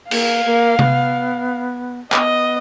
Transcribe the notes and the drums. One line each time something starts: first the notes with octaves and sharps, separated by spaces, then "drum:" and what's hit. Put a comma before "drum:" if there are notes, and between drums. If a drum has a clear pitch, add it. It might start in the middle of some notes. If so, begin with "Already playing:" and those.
A#3 F5, drum: cymbal
A#3
B3, drum: tom C3
B3 D#5, drum: clap